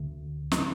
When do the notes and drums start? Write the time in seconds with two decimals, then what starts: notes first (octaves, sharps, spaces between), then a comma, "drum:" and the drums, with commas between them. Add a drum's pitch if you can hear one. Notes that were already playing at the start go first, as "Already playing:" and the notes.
Already playing: D2 D3
0.51 D3 A3 C4, drum: snare